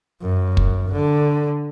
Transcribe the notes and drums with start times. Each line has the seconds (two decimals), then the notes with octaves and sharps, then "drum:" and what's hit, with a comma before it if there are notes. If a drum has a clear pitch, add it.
0.22 F#2
0.57 drum: kick
0.92 D3